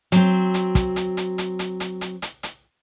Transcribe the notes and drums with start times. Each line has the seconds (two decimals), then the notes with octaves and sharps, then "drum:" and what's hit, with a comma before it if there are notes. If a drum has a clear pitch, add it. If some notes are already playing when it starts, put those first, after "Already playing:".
0.12 F#3 C4, drum: hi-hat
0.54 drum: hi-hat
0.75 drum: kick, hi-hat
0.96 drum: hi-hat
1.17 drum: hi-hat
1.38 drum: hi-hat
1.59 drum: hi-hat
1.80 drum: hi-hat
2.01 drum: hi-hat
2.22 drum: hi-hat
2.43 drum: hi-hat